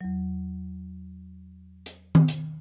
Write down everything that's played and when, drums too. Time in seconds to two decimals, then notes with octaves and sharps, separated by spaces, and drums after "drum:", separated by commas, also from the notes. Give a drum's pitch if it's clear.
0.01 E2 F#3
1.86 drum: hi-hat
2.15 drum: tom D#3
2.28 drum: hi-hat